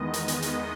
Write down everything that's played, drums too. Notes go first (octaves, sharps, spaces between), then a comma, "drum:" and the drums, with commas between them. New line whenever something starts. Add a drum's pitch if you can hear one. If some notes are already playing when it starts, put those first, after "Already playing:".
Already playing: E2 D#3 G#3 B3 D#5
drum: hi-hat
drum: hi-hat
drum: hi-hat